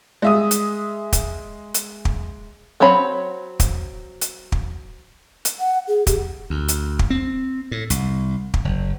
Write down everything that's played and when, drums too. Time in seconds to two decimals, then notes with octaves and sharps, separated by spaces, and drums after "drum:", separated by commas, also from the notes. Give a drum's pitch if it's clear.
0.22 G#3 E5 D#6
0.51 drum: hi-hat
1.13 drum: kick, hi-hat
1.74 drum: hi-hat
2.05 drum: kick
2.80 F#3 C4 C#5 B5
3.60 drum: kick, hi-hat
4.21 drum: hi-hat
4.52 drum: kick
5.45 drum: hi-hat
5.60 F#5
5.88 G#4
6.07 G4, drum: kick, hi-hat
6.50 D2
6.68 drum: hi-hat
6.99 drum: kick
7.10 C4
7.71 A2
7.90 C2, drum: hi-hat
8.54 drum: kick
8.65 F#1